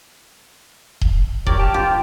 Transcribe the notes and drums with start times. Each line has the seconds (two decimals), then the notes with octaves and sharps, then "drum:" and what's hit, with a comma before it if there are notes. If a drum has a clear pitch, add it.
1.01 drum: kick D#1
1.46 G4 A#4 C#5 D5, drum: kick D#1
1.59 G4 G5 A5 F6
1.74 F4 G4